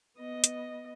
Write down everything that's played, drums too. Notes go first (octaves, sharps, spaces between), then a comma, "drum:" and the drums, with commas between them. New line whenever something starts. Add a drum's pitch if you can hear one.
B3 D#5
drum: hi-hat